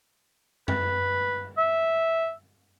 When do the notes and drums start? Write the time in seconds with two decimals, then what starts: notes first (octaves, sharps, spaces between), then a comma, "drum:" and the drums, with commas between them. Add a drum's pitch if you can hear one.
0.68 B4, drum: tom F#2
1.58 E5